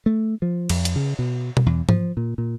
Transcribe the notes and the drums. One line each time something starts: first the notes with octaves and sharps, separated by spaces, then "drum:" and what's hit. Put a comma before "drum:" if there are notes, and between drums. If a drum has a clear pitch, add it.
A3
F3
F2, drum: cymbal
drum: hi-hat
C#3
B2
drum: tom B2
E2
F3, drum: tom G#2
A#2
A#2